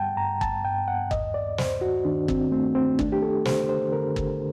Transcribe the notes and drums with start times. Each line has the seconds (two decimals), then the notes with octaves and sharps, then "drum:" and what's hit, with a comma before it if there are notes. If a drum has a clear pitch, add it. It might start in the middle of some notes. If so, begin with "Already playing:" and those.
Already playing: G2 G3 F#5 G5 A5
0.17 G2 A#5
0.41 A5, drum: kick
0.64 G2 G5
0.88 F#5
1.11 D#2 D#5, drum: kick
1.34 D5
1.58 D#2 C5, drum: snare
1.81 F#4
2.05 D#3 D4
2.28 C4, drum: kick
2.51 A3 C4
2.75 C4
2.99 A3 D4, drum: kick
3.12 G4
3.22 A4
3.45 D3 C5, drum: snare
3.69 C5
3.93 D3 A#4
4.16 drum: kick